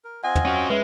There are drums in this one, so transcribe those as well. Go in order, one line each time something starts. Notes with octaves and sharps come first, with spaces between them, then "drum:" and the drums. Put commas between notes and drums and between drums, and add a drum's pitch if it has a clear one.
A#4
C4 F4 D#5 F#5 G#5
drum: tom
C#4 F#4
G#3 C#4 B4 E5